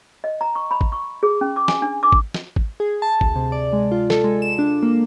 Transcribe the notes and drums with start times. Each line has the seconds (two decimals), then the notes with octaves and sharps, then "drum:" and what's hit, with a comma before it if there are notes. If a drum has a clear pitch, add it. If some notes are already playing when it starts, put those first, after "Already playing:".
0.24 D#5
0.41 A#5
0.55 C#6
0.71 B5
0.81 drum: kick G#1
0.92 C#6
1.23 G#4
1.41 C#4
1.56 D6
1.68 G#5, drum: snare
1.82 D4
2.03 D6
2.12 drum: kick G#1
2.34 drum: snare
2.56 drum: kick G#1
2.80 G#4
3.02 A5
3.21 D2, drum: kick G#1
3.36 C3
3.52 D5
3.73 G#3
3.92 F4
4.10 A4, drum: snare
4.24 G#3
4.42 E7
4.59 D4
4.83 A#3